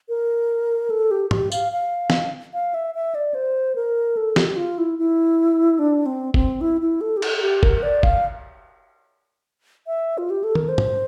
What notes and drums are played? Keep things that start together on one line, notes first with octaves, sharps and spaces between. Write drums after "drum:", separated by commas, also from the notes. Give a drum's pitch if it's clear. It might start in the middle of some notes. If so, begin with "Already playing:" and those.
A#4
A4
G4
G4, drum: tom
F5, drum: tambourine
F5
drum: snare
F5
E5
E5
D5
C5
A#4
A4
G4, drum: snare
G4
F4
E4
E4
D4
C4
C4, drum: kick F#1
E4
E4
A4
G4
A4, drum: cymbal
A4
G4
A#4, drum: kick F#1
D5
F5, drum: kick F#1
E5
F4
G4
A4
A#4, drum: tom
C5
drum: tom